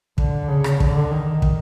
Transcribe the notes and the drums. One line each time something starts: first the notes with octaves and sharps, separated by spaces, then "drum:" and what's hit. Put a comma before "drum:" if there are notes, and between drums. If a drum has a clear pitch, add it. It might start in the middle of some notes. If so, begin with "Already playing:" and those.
D3, drum: kick
C#3
drum: rim click
D3, drum: kick
D#3
drum: kick